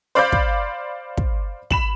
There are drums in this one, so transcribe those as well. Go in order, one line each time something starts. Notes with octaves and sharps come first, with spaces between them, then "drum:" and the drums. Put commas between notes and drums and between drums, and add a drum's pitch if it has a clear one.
C5 D5 F5 B5 D6 G6
drum: kick
drum: kick
B5 E7 F#7, drum: kick